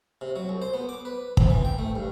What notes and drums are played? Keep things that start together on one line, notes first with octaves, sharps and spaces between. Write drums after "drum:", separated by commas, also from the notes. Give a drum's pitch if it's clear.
C3
F#3
C2
C5
B3
D6
B4
C4, drum: kick
E3
G5
A3
G2